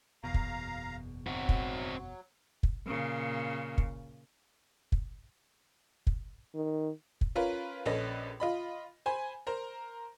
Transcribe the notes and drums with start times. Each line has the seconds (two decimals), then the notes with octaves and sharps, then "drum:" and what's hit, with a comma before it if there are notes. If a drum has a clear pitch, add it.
0.24 F#1 E2 B2 F5 A#5
0.34 drum: kick
1.27 F#3 C4 F#4
1.49 drum: kick
2.63 drum: kick
2.87 A#2 C#3
3.78 drum: kick
4.92 drum: kick
6.07 drum: kick
6.55 D#3
7.21 drum: kick
7.35 C#4 F4 A#4 B4
7.86 A#1 C#4 A4 B4 D#5 A#6
8.40 F4 D#5 B5
9.06 C5 G#5 B5
9.47 A#4 C5 A#5